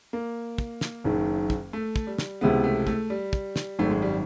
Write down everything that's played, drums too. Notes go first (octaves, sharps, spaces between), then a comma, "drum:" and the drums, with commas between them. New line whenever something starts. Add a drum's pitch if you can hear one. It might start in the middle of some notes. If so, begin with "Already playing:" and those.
A#3
drum: kick
drum: snare
F#1 F#2 D#3
drum: kick
A3
drum: kick
G3
drum: snare
C#2 C3 E3 G#3 B3
A3
A3, drum: kick
G3
drum: kick
drum: snare
G#1 F#2 D#3 A3
G#3
G3